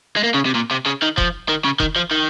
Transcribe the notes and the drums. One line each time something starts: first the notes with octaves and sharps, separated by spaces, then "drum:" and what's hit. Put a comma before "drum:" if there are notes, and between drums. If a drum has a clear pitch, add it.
G#3
A#3
C#3
C3
A#2
C3
C#3
D#3
F3, drum: kick F1
D#3
C#3
D#3, drum: kick F1
F3
D#3